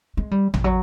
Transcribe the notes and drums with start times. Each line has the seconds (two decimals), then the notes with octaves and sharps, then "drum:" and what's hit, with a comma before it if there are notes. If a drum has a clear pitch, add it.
0.17 G#3
0.31 G3
0.54 F3, drum: tom
0.64 F#3